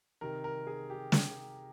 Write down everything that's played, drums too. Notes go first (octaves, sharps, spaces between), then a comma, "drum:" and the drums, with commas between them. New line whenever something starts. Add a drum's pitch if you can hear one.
C3 D#3 A#4
A#4
G#4
G4
drum: snare